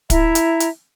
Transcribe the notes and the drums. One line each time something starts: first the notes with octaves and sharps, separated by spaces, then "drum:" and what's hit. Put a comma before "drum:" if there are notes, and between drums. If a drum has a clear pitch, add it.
E4 E5 A#5, drum: kick, hi-hat
drum: hi-hat
drum: hi-hat